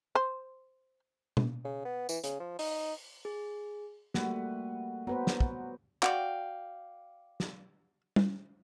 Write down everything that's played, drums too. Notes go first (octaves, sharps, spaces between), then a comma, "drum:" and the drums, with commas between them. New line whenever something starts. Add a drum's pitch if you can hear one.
C5
drum: tom B2
C#3
B3
E3, drum: tambourine
C#3, drum: hi-hat
F3
D#4, drum: open hi-hat
G#4
G3 A3 A#3 F#4 B4, drum: snare
F#3 B3 B4 C5
drum: snare
drum: kick
F#4 D5 F5 G5, drum: clap
drum: snare
drum: tom G3